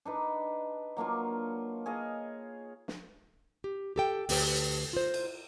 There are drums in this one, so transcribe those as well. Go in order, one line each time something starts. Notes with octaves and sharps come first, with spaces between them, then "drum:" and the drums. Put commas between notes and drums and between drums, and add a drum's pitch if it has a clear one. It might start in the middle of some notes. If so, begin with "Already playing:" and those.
D4 D#4 B4
F#3 A#3 D4 F4
G#4 C#5 D#5 F5
drum: snare
G4
G4 A4 G5
D2 G4 B4 G5, drum: open hi-hat
F4 C5
drum: cymbal